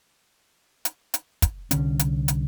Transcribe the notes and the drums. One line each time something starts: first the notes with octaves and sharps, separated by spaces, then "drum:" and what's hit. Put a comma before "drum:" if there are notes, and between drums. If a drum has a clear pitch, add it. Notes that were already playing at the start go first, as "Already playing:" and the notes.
drum: hi-hat
drum: hi-hat
drum: kick, hi-hat
C2 D3 C#4, drum: hi-hat
drum: hi-hat
drum: hi-hat